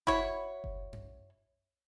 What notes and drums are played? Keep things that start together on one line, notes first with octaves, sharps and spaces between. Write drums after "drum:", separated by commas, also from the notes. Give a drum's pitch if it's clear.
E4 F#4 C#5, drum: kick F#1
drum: kick F#1
drum: tom F#2